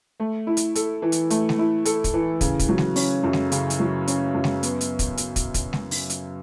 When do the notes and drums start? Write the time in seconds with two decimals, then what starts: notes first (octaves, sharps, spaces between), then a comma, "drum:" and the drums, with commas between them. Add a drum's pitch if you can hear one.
0.20 A3
0.47 E4
0.57 drum: hi-hat
0.75 A4, drum: hi-hat
1.02 E3
1.12 drum: hi-hat
1.30 A3, drum: hi-hat
1.49 drum: snare G#3
1.59 E4
1.85 A4, drum: hi-hat
2.04 drum: kick, hi-hat
2.14 E3
2.41 C#3, drum: kick, hi-hat
2.59 drum: kick, hi-hat
2.69 F#3
2.78 drum: snare G#3
2.96 C#4, drum: open hi-hat
3.23 F#2
3.33 drum: snare G#3
3.52 C#3, drum: hi-hat
3.70 drum: hi-hat
3.79 F#3
4.08 C#4, drum: hi-hat
4.34 F#2
4.44 drum: snare G#3
4.63 B3, drum: hi-hat
4.81 drum: hi-hat
4.99 drum: kick, hi-hat
5.17 drum: hi-hat
5.36 drum: kick, hi-hat
5.54 drum: kick, hi-hat
5.73 drum: snare G#3
5.91 drum: open hi-hat
6.10 drum: hi-hat